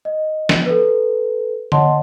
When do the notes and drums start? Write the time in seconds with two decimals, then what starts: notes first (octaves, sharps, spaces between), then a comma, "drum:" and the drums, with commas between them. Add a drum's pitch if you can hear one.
0.05 D#5
0.49 drum: snare
0.66 A4 B4
1.72 C#5 D#5 F#5 A5 C6, drum: tom D3